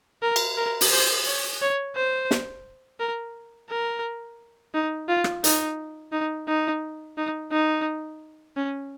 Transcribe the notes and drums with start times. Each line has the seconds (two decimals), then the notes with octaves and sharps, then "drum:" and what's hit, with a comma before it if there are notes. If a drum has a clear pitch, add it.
0.22 A#4
0.36 drum: cymbal
0.57 A#4
0.81 drum: open hi-hat
0.92 C5
1.27 C#5
1.62 C#5
1.96 C5
2.31 drum: snare
3.00 A#4
3.70 A#4
4.74 D#4
5.09 F4
5.24 drum: rim click
5.44 D#4, drum: hi-hat
6.13 D#4
6.48 D#4
7.18 D#4
7.52 D#4
8.56 C#4